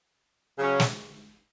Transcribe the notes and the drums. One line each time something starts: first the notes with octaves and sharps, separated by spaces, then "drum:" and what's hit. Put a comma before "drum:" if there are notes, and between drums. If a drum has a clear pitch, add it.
C#3 F#3 C#4
drum: snare